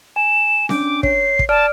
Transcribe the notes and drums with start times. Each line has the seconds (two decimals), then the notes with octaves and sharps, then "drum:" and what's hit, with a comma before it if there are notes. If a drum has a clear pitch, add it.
0.16 G#5 E7
0.69 C#4 D4 D6 D7, drum: snare C4
1.03 C#5 C7, drum: kick
1.39 drum: kick
1.49 D5 A5 F6 D7